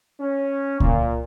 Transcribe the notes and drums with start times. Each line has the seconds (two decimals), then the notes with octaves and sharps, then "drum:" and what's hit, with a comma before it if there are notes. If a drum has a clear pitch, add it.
0.20 C#4
0.80 A#2, drum: kick C#2